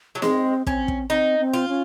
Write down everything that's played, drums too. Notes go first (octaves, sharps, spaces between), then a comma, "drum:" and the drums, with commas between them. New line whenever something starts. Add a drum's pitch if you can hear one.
F#3
G#3 C4, drum: snare
C4 C#4, drum: kick
drum: kick
C4 D#4
C4
F4
C#4